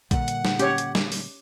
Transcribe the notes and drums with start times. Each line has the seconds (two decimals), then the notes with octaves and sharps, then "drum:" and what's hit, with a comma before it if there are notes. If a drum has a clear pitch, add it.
0.11 A#2 D3 G3 F#5, drum: kick A#1, hi-hat
0.28 drum: hi-hat
0.45 drum: snare
0.59 C#4 G4 C#5, drum: hi-hat
0.78 drum: hi-hat
0.95 drum: snare
1.12 drum: open hi-hat